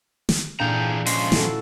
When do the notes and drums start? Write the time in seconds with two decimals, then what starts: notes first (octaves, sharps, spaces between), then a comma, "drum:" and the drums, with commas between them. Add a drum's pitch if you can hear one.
0.29 drum: snare
0.60 A#2 E3 D4 G#4 F5 G5 A#5
1.06 F3 G#3 C#4 C6, drum: open hi-hat
1.32 E4 F#4 A4, drum: snare